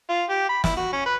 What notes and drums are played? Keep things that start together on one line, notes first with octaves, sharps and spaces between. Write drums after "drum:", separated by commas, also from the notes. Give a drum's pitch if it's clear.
F4
G4
B5
E4, drum: snare
F#4
C#4
B4